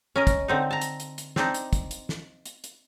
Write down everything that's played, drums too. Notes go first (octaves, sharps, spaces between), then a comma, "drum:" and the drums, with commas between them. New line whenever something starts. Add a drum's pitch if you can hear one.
C#4 A#4 D#5
drum: kick, hi-hat
D3 C4 D#4
A5 A#5
drum: hi-hat
drum: hi-hat
drum: hi-hat
C4 D4 D#4, drum: snare
drum: hi-hat
drum: kick, hi-hat
drum: hi-hat
drum: snare
drum: hi-hat
drum: hi-hat